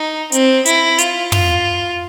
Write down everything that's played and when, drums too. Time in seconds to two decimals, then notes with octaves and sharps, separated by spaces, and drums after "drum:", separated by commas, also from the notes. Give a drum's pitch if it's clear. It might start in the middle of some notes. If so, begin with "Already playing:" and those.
Already playing: D#4
0.32 C4, drum: hi-hat
0.66 E4, drum: hi-hat
0.99 F4, drum: hi-hat
1.32 F4, drum: tom